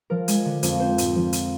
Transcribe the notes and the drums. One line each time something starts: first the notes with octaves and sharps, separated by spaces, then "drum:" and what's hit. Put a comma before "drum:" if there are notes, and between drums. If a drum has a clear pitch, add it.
F3 A#4
G#3, drum: hi-hat
D3
F2, drum: hi-hat
C4 C5
G#2, drum: hi-hat
F3
drum: hi-hat